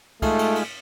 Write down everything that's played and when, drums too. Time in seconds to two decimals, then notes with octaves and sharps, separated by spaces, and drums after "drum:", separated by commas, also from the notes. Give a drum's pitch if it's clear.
0.22 G#3 A3 D#4 F4, drum: kick, cymbal
0.39 drum: cymbal
0.55 drum: cymbal